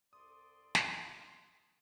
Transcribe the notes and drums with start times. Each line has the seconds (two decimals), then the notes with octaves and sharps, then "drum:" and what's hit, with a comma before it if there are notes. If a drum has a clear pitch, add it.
0.13 C2 A4 D5 C6 D#6
0.75 drum: snare